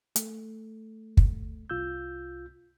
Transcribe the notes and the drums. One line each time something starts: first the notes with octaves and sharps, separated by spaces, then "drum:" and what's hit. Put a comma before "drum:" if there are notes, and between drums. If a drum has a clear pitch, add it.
A3, drum: hi-hat
drum: kick
C2 F4 E6 G6